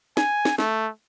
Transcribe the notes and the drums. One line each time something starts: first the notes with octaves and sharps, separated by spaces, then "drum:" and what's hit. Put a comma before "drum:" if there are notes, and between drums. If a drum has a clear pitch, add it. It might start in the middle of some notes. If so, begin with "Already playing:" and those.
G#5, drum: snare
drum: snare
A3, drum: snare